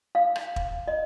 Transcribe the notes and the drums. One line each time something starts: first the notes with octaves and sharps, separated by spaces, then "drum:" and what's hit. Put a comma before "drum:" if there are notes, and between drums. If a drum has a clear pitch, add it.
F5
drum: rim click
drum: kick E1
D#5